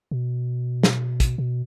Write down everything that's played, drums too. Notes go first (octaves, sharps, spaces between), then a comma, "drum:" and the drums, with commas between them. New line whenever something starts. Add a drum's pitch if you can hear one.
B2
drum: snare
drum: kick, hi-hat
B2